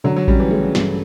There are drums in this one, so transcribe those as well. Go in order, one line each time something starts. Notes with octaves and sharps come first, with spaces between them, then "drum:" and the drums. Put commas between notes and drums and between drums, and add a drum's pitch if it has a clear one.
D3 F#3
F#3
G3 C#4, drum: kick A1
E3
C#3 A3
G2, drum: snare